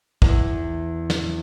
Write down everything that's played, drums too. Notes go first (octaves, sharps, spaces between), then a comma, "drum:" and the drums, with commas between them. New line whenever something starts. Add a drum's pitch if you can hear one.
E2, drum: kick
drum: snare